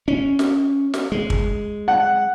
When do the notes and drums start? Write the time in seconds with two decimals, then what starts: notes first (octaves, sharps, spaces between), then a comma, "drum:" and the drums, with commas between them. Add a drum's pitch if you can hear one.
0.08 C#4
0.39 drum: snare
0.94 drum: snare
1.12 G#3
1.30 drum: kick
1.88 F#5